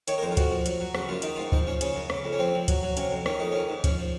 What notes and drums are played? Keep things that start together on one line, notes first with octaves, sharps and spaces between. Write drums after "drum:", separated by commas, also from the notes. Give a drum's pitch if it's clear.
D#3 C#5, drum: hi-hat
A#4
F2 C5
F4
F3 F#4, drum: kick, hi-hat
F3
F#3, drum: hi-hat
F#3
C#3 F#4, drum: rim click
F#2 F4
D#3 D#4, drum: hi-hat
G#2 F4
F3 D#4, drum: kick
F3 C#4
C#3 C#4, drum: hi-hat
F#2
C#3, drum: rim click
F2
C#4
F3 C4
F3
F#3, drum: kick, hi-hat
F#3
C3 C#4, drum: hi-hat
F2
D#3 C#4, drum: rim click
F2 D#4
D#3 C#4
G#2
F3 C#4, drum: kick, hi-hat
F3